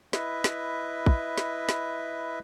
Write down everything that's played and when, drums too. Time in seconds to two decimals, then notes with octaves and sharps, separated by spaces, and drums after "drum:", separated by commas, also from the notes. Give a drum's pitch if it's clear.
0.13 E4 B4 D#5 E5, drum: snare
0.44 drum: snare
1.06 drum: kick
1.38 drum: snare
1.69 drum: snare